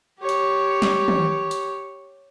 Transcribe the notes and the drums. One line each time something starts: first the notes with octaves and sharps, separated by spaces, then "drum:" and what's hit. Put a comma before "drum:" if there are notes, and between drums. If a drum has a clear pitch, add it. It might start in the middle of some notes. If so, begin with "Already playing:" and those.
G4 C#5
drum: hi-hat
drum: snare
drum: tom
drum: hi-hat